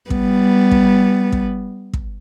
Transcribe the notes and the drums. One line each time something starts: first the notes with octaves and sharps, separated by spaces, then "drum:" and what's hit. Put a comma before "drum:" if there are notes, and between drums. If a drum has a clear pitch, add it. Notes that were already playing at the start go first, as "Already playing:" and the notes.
G3 B3, drum: kick
drum: kick
drum: kick
drum: kick